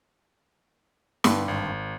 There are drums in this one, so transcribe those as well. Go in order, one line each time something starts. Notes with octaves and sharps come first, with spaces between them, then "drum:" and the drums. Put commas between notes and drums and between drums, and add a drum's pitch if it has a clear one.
G2 D3 B3, drum: snare
G#1